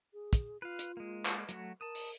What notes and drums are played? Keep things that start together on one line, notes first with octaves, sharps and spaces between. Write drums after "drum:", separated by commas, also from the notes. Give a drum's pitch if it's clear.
G#4
drum: kick, hi-hat
F4 B4 F5
drum: hi-hat
G#3 A#3
drum: clap
F#3 A3 F#4, drum: hi-hat
A#4 A5 D#6
drum: open hi-hat